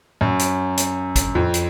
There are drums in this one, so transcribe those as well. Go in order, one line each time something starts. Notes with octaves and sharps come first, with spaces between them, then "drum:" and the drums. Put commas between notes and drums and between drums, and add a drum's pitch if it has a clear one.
F#2
drum: hi-hat
drum: hi-hat
drum: kick G#1, hi-hat
F2
drum: hi-hat